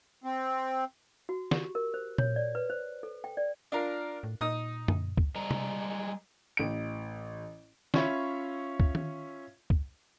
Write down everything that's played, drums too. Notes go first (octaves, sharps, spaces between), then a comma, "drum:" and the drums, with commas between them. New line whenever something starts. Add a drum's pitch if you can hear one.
C4
F#4
G4, drum: snare
A#4
C5
C#5, drum: tom A#2
D5
B4
C5
A4
G5
D5
D4 F4 A#4
A2
A#2 D#4 D#6
drum: tom F#2
drum: kick
G3 G#3 A#5
drum: tom C3
A1 D7
C#4 F4 C#5 E5 B5 C#6, drum: snare
drum: kick
drum: tom D#3
drum: kick